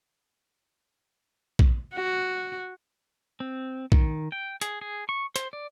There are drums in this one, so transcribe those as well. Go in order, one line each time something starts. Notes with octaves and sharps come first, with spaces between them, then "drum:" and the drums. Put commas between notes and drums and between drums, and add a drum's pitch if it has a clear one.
drum: kick
F#4
C4
D#3, drum: kick
G5
G#4, drum: hi-hat
G#4
C#6
C5, drum: hi-hat
D5